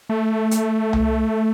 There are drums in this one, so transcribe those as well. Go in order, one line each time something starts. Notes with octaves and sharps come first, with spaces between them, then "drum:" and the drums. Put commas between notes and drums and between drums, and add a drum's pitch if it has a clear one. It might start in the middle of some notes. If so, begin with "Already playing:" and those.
A3
drum: hi-hat
drum: tom C2